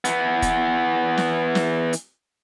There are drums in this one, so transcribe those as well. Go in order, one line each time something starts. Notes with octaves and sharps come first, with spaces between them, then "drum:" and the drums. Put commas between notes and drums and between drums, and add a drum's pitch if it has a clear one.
E3 B3, drum: hi-hat
drum: kick, hi-hat
drum: snare
drum: snare
drum: hi-hat